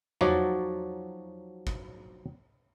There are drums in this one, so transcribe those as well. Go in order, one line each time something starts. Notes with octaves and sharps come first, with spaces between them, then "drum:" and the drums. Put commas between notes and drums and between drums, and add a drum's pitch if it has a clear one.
F3 F#3 D#4 F#4 C#5 D5, drum: tom E2
drum: kick G#1